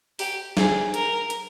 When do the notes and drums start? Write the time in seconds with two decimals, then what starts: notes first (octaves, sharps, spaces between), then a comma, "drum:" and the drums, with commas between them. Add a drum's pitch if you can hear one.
0.19 G4, drum: open hi-hat
0.57 G#4, drum: snare
0.94 A#4, drum: hi-hat
1.30 drum: hi-hat